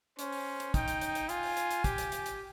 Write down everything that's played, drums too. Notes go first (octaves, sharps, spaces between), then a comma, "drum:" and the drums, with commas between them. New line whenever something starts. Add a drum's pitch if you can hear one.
C#4 C5, drum: hi-hat
drum: open hi-hat
drum: hi-hat
D#4 G5, drum: kick, hi-hat
drum: hi-hat
drum: hi-hat
drum: hi-hat
F4 G#5, drum: hi-hat
drum: open hi-hat
drum: hi-hat
drum: hi-hat
G4, drum: kick, hi-hat
drum: hi-hat
drum: hi-hat
drum: hi-hat